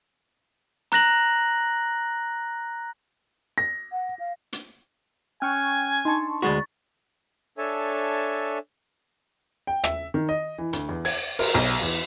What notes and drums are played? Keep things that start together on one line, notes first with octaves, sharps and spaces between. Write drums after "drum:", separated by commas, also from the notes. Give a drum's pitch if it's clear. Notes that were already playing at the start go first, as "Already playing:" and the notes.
A#5 F#6 A#6 F#7, drum: hi-hat
A#6
F#5
F5
drum: hi-hat
C#4 G5 G#5 C#6 F6 F#6
D4 D#4 A5 C6 C#6
D2 G#3 F#4 B5 C#6 A6
D4 A4 C#5 E5 G#5 A5
G5
E5, drum: rim click
D#3
D#5
E3
D2, drum: hi-hat
E2
G#6, drum: open hi-hat
A#4, drum: cymbal
B1
E2